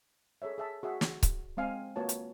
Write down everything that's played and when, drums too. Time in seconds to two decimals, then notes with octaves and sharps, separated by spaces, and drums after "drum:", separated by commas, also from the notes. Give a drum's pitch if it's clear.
0.42 G#4 A4 C#5 E5
0.58 G#4 E5 A5
0.83 F#4 G#4 E5 F#5
1.01 drum: snare
1.23 drum: kick C#1, hi-hat
1.57 G#3 C4 F5 G#5
1.96 A#3 F4 F#4 B4 C#5 A5
2.09 drum: hi-hat